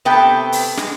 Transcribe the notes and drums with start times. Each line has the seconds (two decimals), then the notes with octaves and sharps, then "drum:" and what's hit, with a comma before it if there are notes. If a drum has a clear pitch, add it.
0.05 C3 A3 B3 B4 G5
0.52 drum: open hi-hat
0.77 G#3, drum: snare